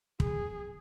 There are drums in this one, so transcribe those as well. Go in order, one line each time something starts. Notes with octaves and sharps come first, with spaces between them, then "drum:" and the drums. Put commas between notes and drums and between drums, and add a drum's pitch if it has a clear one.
G#4, drum: kick